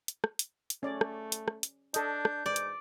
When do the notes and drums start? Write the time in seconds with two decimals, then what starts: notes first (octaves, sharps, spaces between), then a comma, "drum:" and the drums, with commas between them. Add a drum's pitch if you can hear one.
0.08 drum: hi-hat
0.24 drum: rim click
0.39 drum: hi-hat
0.70 drum: hi-hat
0.83 A3 C#4 D5
1.01 drum: rim click
1.32 drum: hi-hat
1.48 drum: rim click
1.63 drum: hi-hat
1.94 D4 A4 D#5 G6, drum: hi-hat
2.25 drum: rim click
2.46 G#2 D5
2.56 drum: hi-hat